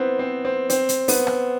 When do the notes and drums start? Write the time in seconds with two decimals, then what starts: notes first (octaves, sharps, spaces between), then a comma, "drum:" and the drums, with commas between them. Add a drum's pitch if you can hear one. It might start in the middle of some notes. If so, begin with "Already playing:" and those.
Already playing: B3 C4 E4
0.19 C4
0.45 C4
0.70 C4, drum: hi-hat
0.89 drum: hi-hat
1.08 B3, drum: open hi-hat
1.27 drum: rim click